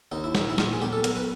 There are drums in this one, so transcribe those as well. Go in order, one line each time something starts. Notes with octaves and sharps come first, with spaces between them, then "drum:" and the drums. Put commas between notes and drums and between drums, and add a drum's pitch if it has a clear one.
D#2 D#4
E4
A#1 D#4, drum: snare
E4
A#1 F4, drum: snare
G#4
B1 G4
A4
B1 A#4, drum: hi-hat
B4